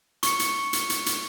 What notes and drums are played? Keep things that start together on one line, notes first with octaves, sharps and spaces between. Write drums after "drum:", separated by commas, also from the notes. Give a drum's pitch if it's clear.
C#6 C#7, drum: hi-hat
drum: hi-hat
drum: hi-hat
drum: hi-hat
drum: hi-hat